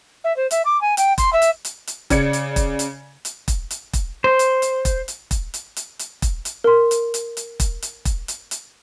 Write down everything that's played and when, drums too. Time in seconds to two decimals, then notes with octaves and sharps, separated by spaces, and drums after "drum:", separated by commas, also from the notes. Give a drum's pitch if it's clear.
0.24 E5
0.36 C5
0.51 E5, drum: hi-hat
0.65 D6
0.81 G#5
0.97 G5, drum: hi-hat
1.18 C6, drum: kick E1, hi-hat
1.33 E5
1.42 drum: hi-hat
1.65 drum: hi-hat
1.87 drum: hi-hat
2.10 C#3 D5 G#6 C#7, drum: kick E1, hi-hat
2.33 drum: hi-hat
2.56 drum: kick E1, hi-hat
2.79 drum: hi-hat
3.25 drum: hi-hat
3.48 drum: kick E1, hi-hat
3.71 drum: hi-hat
3.93 drum: kick E1, hi-hat
4.24 C5
4.39 drum: hi-hat
4.62 drum: hi-hat
4.85 drum: kick E1, hi-hat
5.08 drum: hi-hat
5.31 drum: kick E1, hi-hat
5.54 drum: hi-hat
5.77 drum: hi-hat
5.99 drum: hi-hat
6.22 drum: kick E1, hi-hat
6.45 drum: hi-hat
6.64 A#4 C6
6.91 drum: hi-hat
7.14 drum: hi-hat
7.37 drum: hi-hat
7.60 drum: kick E1, hi-hat
7.82 drum: hi-hat
8.05 drum: kick E1, hi-hat
8.28 drum: hi-hat
8.51 drum: hi-hat